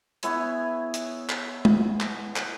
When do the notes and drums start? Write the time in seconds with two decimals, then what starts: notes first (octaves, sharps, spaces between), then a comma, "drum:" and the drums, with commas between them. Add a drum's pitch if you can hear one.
0.23 B3 E4 G#4 C#5, drum: hi-hat
0.94 drum: hi-hat
1.29 drum: clap
1.65 drum: tom G#3
2.01 drum: clap
2.36 drum: clap